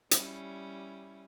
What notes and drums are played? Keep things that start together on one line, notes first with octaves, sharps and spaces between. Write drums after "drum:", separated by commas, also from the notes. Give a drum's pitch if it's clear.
G3 C#4 E4, drum: hi-hat